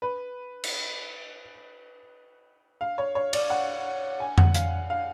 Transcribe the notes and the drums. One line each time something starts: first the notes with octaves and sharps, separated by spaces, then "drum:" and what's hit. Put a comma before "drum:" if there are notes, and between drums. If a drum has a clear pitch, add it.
B4
drum: cymbal
F5
C#5
C#5
D5, drum: cymbal
F#5
G#5
F#5, drum: tom F2
F5, drum: hi-hat
F5